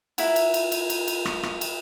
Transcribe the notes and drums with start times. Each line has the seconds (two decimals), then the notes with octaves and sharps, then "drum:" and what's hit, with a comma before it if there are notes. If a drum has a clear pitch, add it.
0.18 E4 A#4 E5 F#5, drum: cymbal
0.36 drum: cymbal
0.54 drum: cymbal
0.72 drum: cymbal
0.90 drum: cymbal
1.08 drum: cymbal
1.25 drum: rim click
1.43 drum: rim click
1.61 drum: cymbal